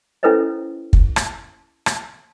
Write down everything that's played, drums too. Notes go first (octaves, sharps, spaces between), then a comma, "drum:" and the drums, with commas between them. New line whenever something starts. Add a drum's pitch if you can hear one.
C#4 E4 A4 B4 C5 D#5
drum: kick
drum: rim click
drum: rim click